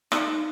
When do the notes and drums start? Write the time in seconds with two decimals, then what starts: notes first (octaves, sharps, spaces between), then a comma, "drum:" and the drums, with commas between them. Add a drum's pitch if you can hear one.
0.12 D#4, drum: rim click